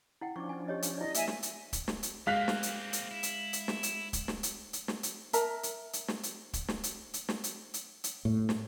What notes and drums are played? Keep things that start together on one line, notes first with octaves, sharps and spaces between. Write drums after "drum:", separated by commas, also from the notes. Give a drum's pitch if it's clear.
E4 F#5 G5
F3 C#4 D4 C#6 D6
G#5
G4 C#5 D#5
drum: hi-hat
E4 D5 D#5
A#3 E5 G#5, drum: hi-hat
drum: snare
drum: hi-hat
drum: kick, hi-hat
drum: snare
drum: hi-hat
G#3 A#3 C4 F5 F#6 B6
drum: snare
drum: hi-hat
drum: hi-hat
E4
drum: hi-hat
drum: hi-hat
drum: snare
drum: hi-hat
drum: kick, hi-hat
drum: snare
drum: hi-hat
drum: hi-hat
drum: snare
drum: hi-hat
A#4 E5 A5 A#5, drum: hi-hat
drum: hi-hat
drum: hi-hat
drum: snare
drum: hi-hat
drum: kick, hi-hat
drum: snare
drum: hi-hat
drum: hi-hat
drum: snare
drum: hi-hat
drum: hi-hat
drum: hi-hat
A2
drum: snare